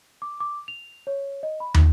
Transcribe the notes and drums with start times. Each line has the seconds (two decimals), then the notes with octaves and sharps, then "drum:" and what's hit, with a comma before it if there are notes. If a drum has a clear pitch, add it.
0.22 D6
0.40 D6
0.68 F7
1.07 C#5
1.43 D#5
1.60 B5
1.74 D#4, drum: tom